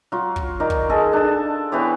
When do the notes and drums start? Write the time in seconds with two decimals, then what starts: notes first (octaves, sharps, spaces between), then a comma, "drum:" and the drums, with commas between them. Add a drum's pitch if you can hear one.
0.12 F#3 F4
0.36 drum: kick
0.60 D#3 D5 A#5
0.70 drum: kick
0.90 G#4 A4 D#5
1.13 D4 A5
1.72 E3 B3 G4 C#5